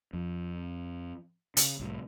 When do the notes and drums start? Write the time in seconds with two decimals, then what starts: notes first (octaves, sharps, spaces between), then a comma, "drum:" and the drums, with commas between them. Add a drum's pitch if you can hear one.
0.13 F2
1.57 C#3, drum: hi-hat
1.80 C2 A2